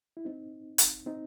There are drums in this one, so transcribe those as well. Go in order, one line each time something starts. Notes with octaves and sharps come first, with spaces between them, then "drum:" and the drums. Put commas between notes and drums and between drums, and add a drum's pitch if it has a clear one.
E4
C4 D#4
drum: hi-hat
C4 D#4